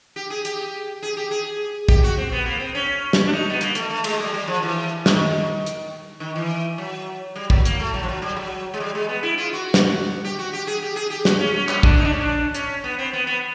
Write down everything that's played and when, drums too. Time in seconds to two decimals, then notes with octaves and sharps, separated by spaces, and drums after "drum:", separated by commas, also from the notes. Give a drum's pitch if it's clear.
0.16 G4
0.30 G#4
0.45 G4, drum: hi-hat
1.02 G#4
1.17 G4
1.31 G#4
1.89 G4, drum: kick
2.03 F#4
2.17 C4
2.32 B3
2.46 A#3
2.60 C4
2.75 C#4
3.13 drum: snare
3.27 D4
3.33 D#4
3.50 B3
3.61 A#3, drum: hi-hat
3.75 A3, drum: hi-hat
3.90 A3
4.04 G#3, drum: cymbal
4.20 G3
4.34 G3
4.48 F3
4.63 E3
5.06 D#3, drum: snare
5.66 drum: hi-hat
6.20 D#3
6.36 E3
6.78 F#3
7.36 G3
7.50 F#3, drum: kick
7.65 A#3, drum: hi-hat
7.80 A3
7.94 F#3
8.03 F3
8.09 F#3
8.22 G3
8.36 F#3
8.74 G#3
8.80 G3
8.95 G#3
9.09 B3
9.23 E4
9.38 F4
9.53 F#4
9.74 drum: snare
10.24 G4
10.39 F#4
10.53 G4
10.67 G#4
10.82 G4
10.96 G#4
11.10 G4
11.25 F#4, drum: snare
11.40 C#4
11.54 C#4
11.68 C#4, drum: clap
11.83 D4, drum: kick
11.97 D#4
12.05 D4
12.13 C#4
12.21 D4
12.55 C#4, drum: hi-hat
12.84 B3
12.99 C4
13.13 B3
13.27 B3